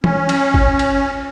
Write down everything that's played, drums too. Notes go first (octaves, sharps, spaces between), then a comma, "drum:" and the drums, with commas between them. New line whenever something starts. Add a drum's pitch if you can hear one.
C#4, drum: tom E3
drum: cymbal
drum: kick
drum: cymbal